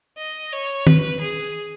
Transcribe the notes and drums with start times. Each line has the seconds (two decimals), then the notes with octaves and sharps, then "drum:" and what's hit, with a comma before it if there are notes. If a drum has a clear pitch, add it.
0.18 D#5
0.52 C#5
0.87 B4, drum: tom
1.20 G#4